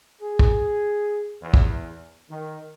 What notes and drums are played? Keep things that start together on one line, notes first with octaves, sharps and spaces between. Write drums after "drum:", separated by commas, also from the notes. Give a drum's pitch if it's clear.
G#4
drum: kick
E2
drum: kick
D#3